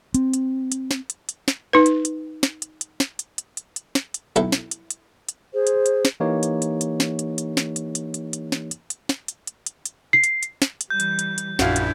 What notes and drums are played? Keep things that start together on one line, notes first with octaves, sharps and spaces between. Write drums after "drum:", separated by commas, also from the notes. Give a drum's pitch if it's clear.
C4, drum: hi-hat
drum: hi-hat
drum: hi-hat
drum: snare
drum: hi-hat
drum: hi-hat
drum: snare
D#4 B4
drum: hi-hat
drum: hi-hat
drum: snare
drum: hi-hat
drum: hi-hat
drum: snare
drum: hi-hat
drum: hi-hat
drum: hi-hat
drum: hi-hat
drum: snare
drum: hi-hat
B1 E4 A4, drum: hi-hat
drum: snare
drum: hi-hat
drum: hi-hat
drum: hi-hat
G#4 C5
drum: hi-hat
drum: hi-hat
drum: snare
E3 A#3 D#4 G4 C#5
drum: hi-hat
drum: hi-hat
drum: hi-hat
drum: snare
drum: hi-hat
drum: hi-hat
drum: snare
drum: hi-hat
drum: hi-hat
drum: hi-hat
drum: hi-hat
drum: snare
drum: hi-hat
drum: hi-hat
drum: snare
drum: hi-hat
drum: hi-hat
drum: hi-hat
drum: hi-hat
C7
drum: hi-hat
drum: hi-hat
drum: snare
drum: hi-hat
E3 G3 G6
drum: hi-hat
drum: hi-hat
drum: hi-hat
A#1 F#2 A#2 D4 E4 F#4 F5, drum: snare
drum: hi-hat